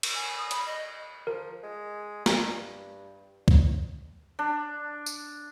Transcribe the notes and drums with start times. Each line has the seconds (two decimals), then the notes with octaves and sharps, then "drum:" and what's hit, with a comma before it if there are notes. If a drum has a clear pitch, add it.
0.03 drum: cymbal
0.15 G#5
0.38 D#6
0.51 B5, drum: hi-hat
0.66 D#5
1.27 F3 A#4
1.63 G#3
2.26 G2 A#5, drum: snare
3.48 drum: kick
4.39 D4
5.06 drum: tambourine